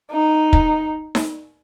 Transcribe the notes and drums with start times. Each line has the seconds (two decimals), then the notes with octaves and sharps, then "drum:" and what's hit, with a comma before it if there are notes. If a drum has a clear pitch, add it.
0.11 D#4
0.53 drum: kick
1.15 drum: snare D#4